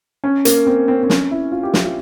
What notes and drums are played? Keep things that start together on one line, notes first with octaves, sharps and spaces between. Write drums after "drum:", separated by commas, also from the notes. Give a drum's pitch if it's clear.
C#4
A#3, drum: hi-hat
C4
C4
C4
C#4, drum: snare
E4
F4
G4
G4, drum: snare
F4